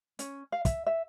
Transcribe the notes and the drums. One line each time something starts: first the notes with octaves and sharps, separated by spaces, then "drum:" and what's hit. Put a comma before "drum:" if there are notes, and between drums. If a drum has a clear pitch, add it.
C#4, drum: hi-hat
F5
E5, drum: kick, hi-hat
E5